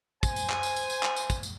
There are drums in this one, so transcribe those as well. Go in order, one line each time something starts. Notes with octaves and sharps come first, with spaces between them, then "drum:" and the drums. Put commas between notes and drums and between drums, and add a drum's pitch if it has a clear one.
C5 G#5, drum: kick, tambourine
drum: tambourine
drum: clap
drum: tambourine
drum: tambourine
drum: tambourine
drum: clap
drum: tambourine
drum: kick, tambourine
drum: tambourine